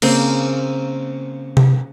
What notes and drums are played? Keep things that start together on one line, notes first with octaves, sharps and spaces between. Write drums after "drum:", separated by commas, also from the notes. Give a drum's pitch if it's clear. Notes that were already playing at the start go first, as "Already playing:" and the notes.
C#3 A#3 C4, drum: cymbal
drum: tom C3